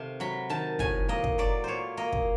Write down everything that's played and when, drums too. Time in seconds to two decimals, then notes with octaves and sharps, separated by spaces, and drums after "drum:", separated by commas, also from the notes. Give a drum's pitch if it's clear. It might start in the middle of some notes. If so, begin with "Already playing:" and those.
Already playing: C3 D#3 A3 F5
0.20 F#3 B5
0.49 D#3 A5
0.79 A2 G#5, drum: kick
1.09 A#3 D#5
1.24 drum: kick
1.38 F#3 D5
1.64 A#2 C5 C#5
1.97 A#3 D#5
2.12 drum: kick